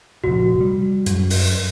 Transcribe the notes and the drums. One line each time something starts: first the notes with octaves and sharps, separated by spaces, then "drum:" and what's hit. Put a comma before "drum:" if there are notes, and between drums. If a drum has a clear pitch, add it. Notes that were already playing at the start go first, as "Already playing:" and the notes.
F1 A#2 F#4
G3
F#2, drum: hi-hat
drum: open hi-hat